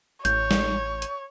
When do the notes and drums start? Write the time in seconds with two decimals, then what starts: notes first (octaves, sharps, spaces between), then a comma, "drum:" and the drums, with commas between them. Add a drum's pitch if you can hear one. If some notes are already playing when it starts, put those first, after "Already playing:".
0.25 A1 C#5 G6, drum: hi-hat
0.51 drum: snare
1.02 drum: hi-hat